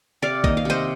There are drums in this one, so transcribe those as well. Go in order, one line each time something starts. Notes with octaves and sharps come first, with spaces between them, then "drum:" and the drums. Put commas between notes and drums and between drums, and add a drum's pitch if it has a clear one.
C3 D5 F5
D#3 A#3 D#5, drum: kick
F5
C3 C5 D#5